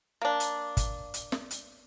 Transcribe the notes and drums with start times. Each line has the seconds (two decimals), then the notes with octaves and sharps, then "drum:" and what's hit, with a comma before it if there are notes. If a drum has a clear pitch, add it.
0.22 A#3 D4
0.40 drum: hi-hat
0.77 drum: kick, hi-hat
1.14 drum: hi-hat
1.32 drum: snare
1.51 drum: hi-hat